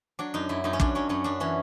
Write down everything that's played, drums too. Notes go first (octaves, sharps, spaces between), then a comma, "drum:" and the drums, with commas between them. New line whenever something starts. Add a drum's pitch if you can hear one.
F#3 D4
F#2 D#4
F#2 E4
F#2 D#4
C#4
F#2 D4, drum: kick
F#3 C#4
F#2 C#4
F#2 D4
E3 C#4